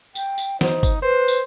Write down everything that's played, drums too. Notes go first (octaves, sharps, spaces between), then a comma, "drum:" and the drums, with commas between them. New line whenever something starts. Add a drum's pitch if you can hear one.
G5, drum: tambourine
drum: tambourine
D#4 C5, drum: snare
drum: kick G1, tambourine
B4 C5
drum: tambourine